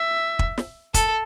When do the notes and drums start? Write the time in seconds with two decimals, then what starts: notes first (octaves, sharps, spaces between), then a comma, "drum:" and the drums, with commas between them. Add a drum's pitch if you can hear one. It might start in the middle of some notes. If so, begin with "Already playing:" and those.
Already playing: E5
0.39 drum: kick
0.58 drum: snare
0.94 A4, drum: kick, hi-hat